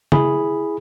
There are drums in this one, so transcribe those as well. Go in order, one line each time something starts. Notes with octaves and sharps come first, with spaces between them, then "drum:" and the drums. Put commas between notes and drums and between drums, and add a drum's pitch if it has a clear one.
E4 G#4 B5, drum: tom C#3